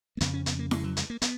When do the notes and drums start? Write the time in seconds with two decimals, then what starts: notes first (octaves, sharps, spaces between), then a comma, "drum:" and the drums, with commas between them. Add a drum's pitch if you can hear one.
0.17 A#3
0.21 F2 C#3 B3, drum: hi-hat
0.34 C#4
0.46 B3, drum: hi-hat
0.59 A#3
0.71 G#3, drum: snare E4
0.84 F#3
0.97 G#3, drum: hi-hat
1.10 A#3
1.22 B3, drum: hi-hat